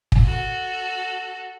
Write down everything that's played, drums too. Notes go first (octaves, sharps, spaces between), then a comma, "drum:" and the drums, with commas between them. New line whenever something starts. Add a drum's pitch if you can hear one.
drum: kick
F#4 A4